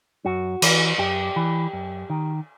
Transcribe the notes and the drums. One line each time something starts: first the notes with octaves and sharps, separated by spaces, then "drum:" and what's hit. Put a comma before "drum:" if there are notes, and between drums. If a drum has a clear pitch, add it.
F#2 F#4
E3, drum: cymbal
F#2 G4
E3
F#2
D#3